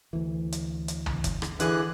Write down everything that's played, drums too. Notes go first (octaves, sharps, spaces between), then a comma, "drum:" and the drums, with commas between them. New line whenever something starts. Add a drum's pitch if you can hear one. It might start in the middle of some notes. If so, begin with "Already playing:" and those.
D2 E3
drum: hi-hat
drum: hi-hat
drum: tom
drum: kick F#1, hi-hat
drum: rim click
D3 E3 G#4 G#5 F#6, drum: hi-hat